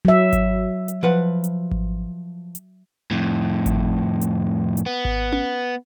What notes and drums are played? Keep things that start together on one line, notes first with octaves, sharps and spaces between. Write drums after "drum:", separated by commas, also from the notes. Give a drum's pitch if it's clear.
F#3 E5
drum: kick G#1, hi-hat
drum: hi-hat
F3 B4 F#5
drum: hi-hat
drum: kick G#1
drum: hi-hat
F2 A2
drum: kick G#1, hi-hat
drum: hi-hat
drum: hi-hat
B3
drum: kick G#1
drum: tom C#4